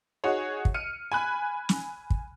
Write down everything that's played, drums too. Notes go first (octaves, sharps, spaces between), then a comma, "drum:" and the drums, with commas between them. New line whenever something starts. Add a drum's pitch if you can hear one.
D#4 F#4 G#4 C#5
drum: kick
F6 C#7 D#7
G#5 B5 F#6
drum: snare
drum: kick